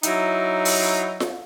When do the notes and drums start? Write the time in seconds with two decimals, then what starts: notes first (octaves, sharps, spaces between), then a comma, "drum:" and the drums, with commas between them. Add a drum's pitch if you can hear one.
0.03 F#3 D#4 E4, drum: hi-hat
0.65 drum: open hi-hat
1.20 drum: snare F4